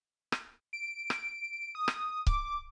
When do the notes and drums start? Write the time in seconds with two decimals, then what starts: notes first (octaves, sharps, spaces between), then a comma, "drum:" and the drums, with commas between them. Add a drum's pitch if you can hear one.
0.32 drum: rim click
0.73 D7
1.10 drum: rim click
1.75 D#6
1.88 drum: rim click
2.27 D6, drum: kick C#1